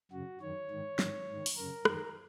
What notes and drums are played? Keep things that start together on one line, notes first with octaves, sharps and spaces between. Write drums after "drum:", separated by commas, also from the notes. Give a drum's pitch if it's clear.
F#2 C#3 F#4
F#2 D#3 C#5
G#2 D#3
G#2 D#3, drum: snare
G#2 D#3
drum: open hi-hat
F#2 C#3 A#4
F#2 D#3, drum: rim click